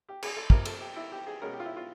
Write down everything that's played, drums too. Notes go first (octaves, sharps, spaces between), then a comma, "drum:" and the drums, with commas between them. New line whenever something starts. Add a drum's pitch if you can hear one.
G4
G#4, drum: cymbal
A4
C3 F3 A#3 A#4, drum: kick
A4, drum: cymbal
G4
E4
G4
G#4
B2 G#3 C#4 A#4
G4
F4
E4
F4